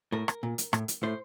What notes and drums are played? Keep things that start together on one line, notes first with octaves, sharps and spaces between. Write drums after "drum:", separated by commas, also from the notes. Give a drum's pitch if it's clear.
A2 A#4
drum: rim click
A#2
drum: hi-hat
A2, drum: rim click
drum: hi-hat
A2 C5